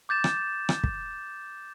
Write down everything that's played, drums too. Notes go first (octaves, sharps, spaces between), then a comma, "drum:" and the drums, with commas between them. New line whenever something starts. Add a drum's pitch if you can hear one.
D6 G6 A6 E7
drum: rim click
drum: rim click
drum: kick